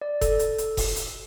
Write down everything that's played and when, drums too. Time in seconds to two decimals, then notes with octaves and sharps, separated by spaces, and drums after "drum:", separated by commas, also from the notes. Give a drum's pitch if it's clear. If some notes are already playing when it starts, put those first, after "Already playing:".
0.01 D5
0.21 A4, drum: kick F1, hi-hat
0.39 drum: hi-hat
0.58 drum: hi-hat
0.77 drum: kick F1, open hi-hat
0.96 drum: hi-hat